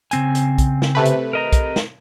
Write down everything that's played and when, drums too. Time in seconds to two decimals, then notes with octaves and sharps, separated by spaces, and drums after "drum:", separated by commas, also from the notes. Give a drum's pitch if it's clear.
0.11 C#3 C4 G#5, drum: hi-hat
0.35 drum: hi-hat
0.58 drum: kick, hi-hat
0.82 drum: snare
0.95 C3 A3 B4
1.05 drum: hi-hat
1.33 A#4 D#5 A#5
1.52 drum: kick, hi-hat
1.76 drum: snare